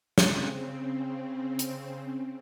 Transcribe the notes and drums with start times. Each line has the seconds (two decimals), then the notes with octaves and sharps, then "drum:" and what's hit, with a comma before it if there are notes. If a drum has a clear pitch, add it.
0.18 C#3 C4, drum: snare
1.59 drum: hi-hat